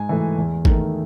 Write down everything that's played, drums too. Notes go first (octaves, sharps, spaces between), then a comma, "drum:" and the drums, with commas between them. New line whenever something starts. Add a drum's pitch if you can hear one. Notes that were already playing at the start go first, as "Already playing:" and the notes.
Already playing: G#2 G#5
E3 A3
E2
D#3 A3, drum: kick G#1